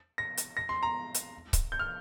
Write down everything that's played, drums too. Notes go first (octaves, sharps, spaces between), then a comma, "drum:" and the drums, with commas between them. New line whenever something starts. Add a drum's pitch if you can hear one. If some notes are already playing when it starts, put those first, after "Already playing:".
A#6
drum: hi-hat
A#6
C6
A#5
drum: hi-hat
drum: kick C#1, hi-hat
G6
F6